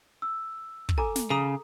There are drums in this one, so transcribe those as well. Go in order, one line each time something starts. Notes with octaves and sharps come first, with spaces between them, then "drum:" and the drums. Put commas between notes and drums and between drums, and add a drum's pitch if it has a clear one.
E6
drum: kick
A4 G#5 A#5 D6
drum: snare
C#3 G#4 A#5 D#6